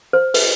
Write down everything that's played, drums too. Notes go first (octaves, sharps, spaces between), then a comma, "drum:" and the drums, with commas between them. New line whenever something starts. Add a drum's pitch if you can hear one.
C5
B4, drum: open hi-hat